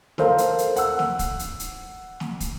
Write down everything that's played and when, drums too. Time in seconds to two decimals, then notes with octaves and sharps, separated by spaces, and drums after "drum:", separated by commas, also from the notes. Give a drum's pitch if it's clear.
0.18 A4 A#4 C5 F5, drum: snare
0.38 drum: hi-hat
0.58 drum: hi-hat
0.76 F#5 E6, drum: hi-hat
0.99 drum: snare
1.19 drum: kick, hi-hat
1.39 drum: hi-hat
1.60 drum: hi-hat
2.20 drum: snare
2.40 drum: kick, hi-hat